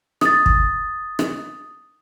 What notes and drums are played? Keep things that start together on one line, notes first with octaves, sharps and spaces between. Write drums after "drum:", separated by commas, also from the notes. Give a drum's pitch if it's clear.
D#6 A6, drum: rim click
drum: kick
drum: rim click